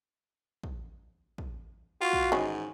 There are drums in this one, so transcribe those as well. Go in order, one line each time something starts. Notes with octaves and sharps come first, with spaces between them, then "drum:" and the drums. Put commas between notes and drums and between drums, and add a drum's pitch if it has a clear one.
drum: kick
drum: kick
F4 F#4
drum: kick
G#2 D#3 E3 C#4